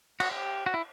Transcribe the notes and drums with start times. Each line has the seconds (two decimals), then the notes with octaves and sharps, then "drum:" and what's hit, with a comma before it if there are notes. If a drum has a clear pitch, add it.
0.20 F#4, drum: cymbal
0.31 G4
0.66 F#4
0.74 E4